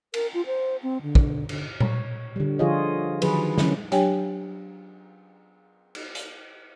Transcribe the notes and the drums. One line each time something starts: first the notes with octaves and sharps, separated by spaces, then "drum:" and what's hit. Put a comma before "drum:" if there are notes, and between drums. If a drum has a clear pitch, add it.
A#4, drum: cymbal
F4
C5
C4
D3
drum: kick
D3, drum: cymbal
C#5, drum: tom A#2
D3 G3
D3 F3 F4 G#4 C#5 D#5
D#3 F3 F#3 G#4 B4, drum: cymbal
D3 E3 F#3 C#4, drum: snare
F#3 D4 G4 C#5 G5 G#5, drum: hi-hat
drum: cymbal
drum: hi-hat